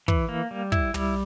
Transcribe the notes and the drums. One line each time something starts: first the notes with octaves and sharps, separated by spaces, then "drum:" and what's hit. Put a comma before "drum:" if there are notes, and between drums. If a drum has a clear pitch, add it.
E3, drum: kick
A#3
G3
E4, drum: kick
G3, drum: tom